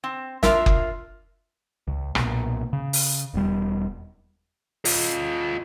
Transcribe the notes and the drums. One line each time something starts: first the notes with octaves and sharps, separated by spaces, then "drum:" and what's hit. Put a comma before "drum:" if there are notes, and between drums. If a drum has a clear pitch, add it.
C4
D4 F4 A#4 E5, drum: snare
drum: kick F#1
C#2
B1 A#2, drum: rim click
C#3
drum: open hi-hat
E1 G3
F4 D#5, drum: open hi-hat